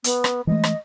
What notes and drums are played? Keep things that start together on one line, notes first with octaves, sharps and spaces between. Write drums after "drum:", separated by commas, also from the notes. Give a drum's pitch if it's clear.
B3, drum: hi-hat
drum: rim click
E3 G#3 A3 D#5
drum: rim click